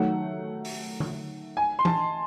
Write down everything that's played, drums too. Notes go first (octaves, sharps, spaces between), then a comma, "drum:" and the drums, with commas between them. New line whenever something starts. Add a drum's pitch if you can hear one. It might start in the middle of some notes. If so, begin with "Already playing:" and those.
Already playing: D#3 F#3 A3 F#5
drum: open hi-hat
drum: tom D3
G#5
C6
A5, drum: tom E3